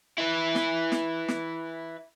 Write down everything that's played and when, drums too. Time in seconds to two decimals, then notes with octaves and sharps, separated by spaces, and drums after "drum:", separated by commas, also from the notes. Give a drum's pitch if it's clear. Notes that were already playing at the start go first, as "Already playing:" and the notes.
0.18 E4 B4
0.55 drum: snare
0.92 drum: snare
1.28 drum: snare